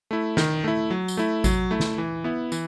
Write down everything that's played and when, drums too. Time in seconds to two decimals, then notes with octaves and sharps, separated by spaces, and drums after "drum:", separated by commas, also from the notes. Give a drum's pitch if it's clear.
0.11 A3 E4
0.37 D#3, drum: snare
0.64 A3 E4
0.90 F#3
1.08 drum: tambourine
1.17 A3 E4
1.44 F#3, drum: kick A1, tambourine
1.71 A3 E4
1.80 drum: snare
1.98 E3
2.24 B3 E4
2.52 E3, drum: tambourine